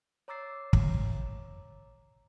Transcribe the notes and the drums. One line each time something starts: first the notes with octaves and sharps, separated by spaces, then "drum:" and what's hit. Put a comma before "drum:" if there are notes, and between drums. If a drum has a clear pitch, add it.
C#5 A#5 D6 E6 A6 C7
drum: kick